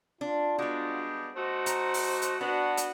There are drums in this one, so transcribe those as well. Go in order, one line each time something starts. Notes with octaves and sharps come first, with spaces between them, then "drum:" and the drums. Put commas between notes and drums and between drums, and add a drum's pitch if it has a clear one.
D4 F4
G3 G#3 B3 D4 F#4
A3 D#4 F#4 C5
A#5, drum: hi-hat
drum: open hi-hat
drum: hi-hat
B3 D4 F#4 F#5
drum: hi-hat